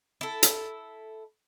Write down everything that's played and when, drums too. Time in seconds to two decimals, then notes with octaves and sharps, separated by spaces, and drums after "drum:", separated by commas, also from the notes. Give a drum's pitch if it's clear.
0.21 E4 A4
0.43 drum: hi-hat